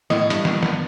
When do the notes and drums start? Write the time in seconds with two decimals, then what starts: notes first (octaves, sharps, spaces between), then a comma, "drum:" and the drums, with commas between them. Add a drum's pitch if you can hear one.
0.10 A2 D#5, drum: snare
0.30 G2, drum: hi-hat
0.45 drum: snare
0.63 drum: snare